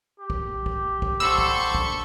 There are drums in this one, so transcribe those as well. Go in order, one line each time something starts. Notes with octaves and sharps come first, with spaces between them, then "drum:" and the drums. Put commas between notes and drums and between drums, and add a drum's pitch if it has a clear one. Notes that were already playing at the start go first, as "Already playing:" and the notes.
G4
drum: kick
drum: kick
drum: kick
D3 A4 C5 B5 C#6 E6
drum: kick
drum: kick